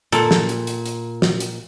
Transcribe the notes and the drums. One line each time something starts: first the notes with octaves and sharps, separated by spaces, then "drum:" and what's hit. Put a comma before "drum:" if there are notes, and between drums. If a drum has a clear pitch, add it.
A#2 A4, drum: hi-hat
drum: snare
drum: hi-hat
drum: hi-hat
drum: hi-hat
drum: snare
drum: hi-hat